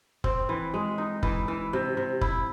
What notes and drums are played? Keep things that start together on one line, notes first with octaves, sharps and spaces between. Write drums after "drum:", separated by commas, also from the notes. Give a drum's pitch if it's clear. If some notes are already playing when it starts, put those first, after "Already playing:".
C4, drum: kick
E3
G#3
D#4
E3, drum: kick
E3
C3
C3
E4, drum: kick